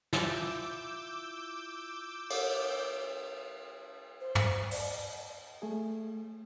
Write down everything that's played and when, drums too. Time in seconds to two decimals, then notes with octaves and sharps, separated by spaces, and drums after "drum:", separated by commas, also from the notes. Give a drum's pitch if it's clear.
0.13 E4 F4 D6 E6 G6, drum: snare
2.30 drum: cymbal
4.21 C5
4.35 drum: tom
4.71 D5, drum: open hi-hat
5.62 A3 G#4